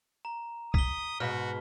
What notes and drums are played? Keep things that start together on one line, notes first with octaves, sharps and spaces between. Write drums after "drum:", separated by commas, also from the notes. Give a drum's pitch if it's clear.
A#5
D#6 B6 G7, drum: kick C2
G#2 B2 F#4 F6 B6